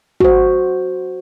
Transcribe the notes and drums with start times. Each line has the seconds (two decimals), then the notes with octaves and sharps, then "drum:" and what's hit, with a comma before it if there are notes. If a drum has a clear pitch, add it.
0.20 F#4 C5, drum: kick